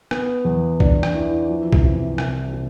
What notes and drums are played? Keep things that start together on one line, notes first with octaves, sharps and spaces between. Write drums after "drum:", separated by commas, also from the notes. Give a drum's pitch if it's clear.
B3, drum: rim click
E2
D4, drum: kick
drum: rim click
E3
F3
drum: kick
C3
C2, drum: rim click
C3